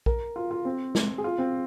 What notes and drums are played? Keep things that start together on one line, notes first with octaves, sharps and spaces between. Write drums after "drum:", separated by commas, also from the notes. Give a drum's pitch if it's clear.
A#4, drum: kick A#1
F4
F4
C4
drum: snare
G#4
F4
C4